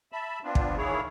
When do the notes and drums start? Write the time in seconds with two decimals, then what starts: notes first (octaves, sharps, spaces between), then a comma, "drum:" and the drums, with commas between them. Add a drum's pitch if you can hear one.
0.12 E5 A5 B5
0.44 B3 C4 D4 F4
0.55 drum: kick
0.77 D#3 E3 A#3 E4 G#4 C#5